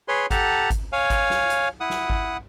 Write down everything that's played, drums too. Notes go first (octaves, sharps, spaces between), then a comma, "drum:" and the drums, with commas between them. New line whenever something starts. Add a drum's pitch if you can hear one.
G#4 B4 C#5 C6
G4 A4 F#5 A5 A#5, drum: kick G#1, hi-hat
drum: kick G#1, hi-hat
C#5 F5 G#5
drum: kick G#1, hi-hat
drum: snare
drum: hi-hat
E4 F#5 D#6
drum: snare
drum: kick G#1